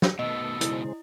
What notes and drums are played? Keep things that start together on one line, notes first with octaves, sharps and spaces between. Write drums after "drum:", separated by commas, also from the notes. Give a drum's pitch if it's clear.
drum: snare
B2 D#3 A3 B3 A4 D#5
C#3 G#3 E4 C5, drum: hi-hat